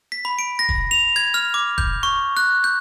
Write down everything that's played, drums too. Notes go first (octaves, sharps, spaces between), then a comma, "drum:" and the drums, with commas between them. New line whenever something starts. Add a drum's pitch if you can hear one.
B6
B5
D7
A#6
drum: kick
F7
G#6
F6
D6
G6, drum: kick
C#6
F#6
G6